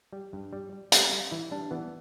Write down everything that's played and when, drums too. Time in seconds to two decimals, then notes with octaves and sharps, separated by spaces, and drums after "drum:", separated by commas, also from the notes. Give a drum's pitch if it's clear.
0.13 G3 G4
0.33 G2
0.53 G3
0.73 G3
0.92 G3, drum: hi-hat
1.13 G3
1.31 E3 E4
1.51 G3 D4
1.71 E3 B3